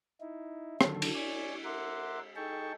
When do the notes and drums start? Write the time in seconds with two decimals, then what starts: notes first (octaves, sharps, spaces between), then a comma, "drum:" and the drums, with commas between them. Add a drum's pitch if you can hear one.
0.20 D#4 E4
0.81 D3 D#3 F#3 A4, drum: rim click
1.02 drum: cymbal
1.14 C#5 D5 G#5
1.64 A#4 E5 F#5 C6 D6
2.36 D#4 G#4 A4 G5 A5 C#6